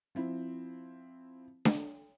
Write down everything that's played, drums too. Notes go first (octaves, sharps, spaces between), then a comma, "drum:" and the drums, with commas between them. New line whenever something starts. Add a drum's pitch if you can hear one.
F3 C4 E4
drum: snare D4